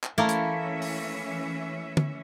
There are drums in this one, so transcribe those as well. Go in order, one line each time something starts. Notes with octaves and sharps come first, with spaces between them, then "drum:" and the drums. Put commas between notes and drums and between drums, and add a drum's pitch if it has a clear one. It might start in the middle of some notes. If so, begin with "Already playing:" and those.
drum: clap
E3 A3 A#3 C#4 E4 E5
drum: hi-hat
drum: open hi-hat
drum: tom